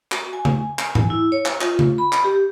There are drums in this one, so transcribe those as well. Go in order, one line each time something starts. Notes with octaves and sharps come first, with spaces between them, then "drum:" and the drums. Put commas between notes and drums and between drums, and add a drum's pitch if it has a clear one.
F#4, drum: clap
G#5
drum: tom C#3
drum: clap
drum: tom G#2
E4
C#5
drum: clap
F4, drum: clap
drum: tom C#3
B5
drum: clap
G4